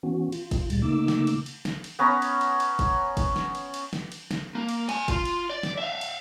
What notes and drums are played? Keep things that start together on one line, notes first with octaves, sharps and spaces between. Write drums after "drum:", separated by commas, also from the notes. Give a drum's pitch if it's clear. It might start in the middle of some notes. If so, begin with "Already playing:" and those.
E3 B3 C#4 F#4
F4, drum: cymbal
drum: kick, cymbal
D2 A#2 G3 G#3 A6, drum: cymbal
C#3 A3 A#3 D#4 D6 E6
drum: snare
drum: cymbal
drum: cymbal
drum: snare
drum: cymbal
B3 C#4 A#5
drum: cymbal
drum: cymbal
drum: cymbal
drum: kick, cymbal
drum: kick, cymbal
drum: snare
drum: cymbal
drum: cymbal
drum: snare
drum: cymbal
drum: snare
A#3
drum: cymbal
D5 G#5, drum: cymbal
F4, drum: kick, cymbal
drum: cymbal
D5
drum: snare
E5 F5
drum: cymbal